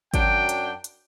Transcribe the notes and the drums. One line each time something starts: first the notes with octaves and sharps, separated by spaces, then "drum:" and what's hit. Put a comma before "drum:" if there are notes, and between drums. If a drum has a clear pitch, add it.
F#2 F#3 D4 G5, drum: kick G#1, hi-hat
drum: hi-hat
drum: hi-hat